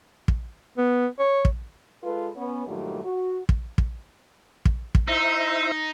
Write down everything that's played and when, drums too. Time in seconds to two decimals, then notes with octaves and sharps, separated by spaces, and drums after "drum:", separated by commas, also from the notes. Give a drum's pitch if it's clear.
0.28 drum: kick
0.78 B3
1.19 C#5
1.45 drum: kick
2.03 G#3 F4 A4 B4
2.36 B3 C#4
2.66 G2 A#2 D#3 F#3 G3 A3
3.05 F#4
3.49 drum: kick
3.78 drum: kick
4.65 drum: kick
4.95 drum: kick
5.07 D#4 E4 C5 E5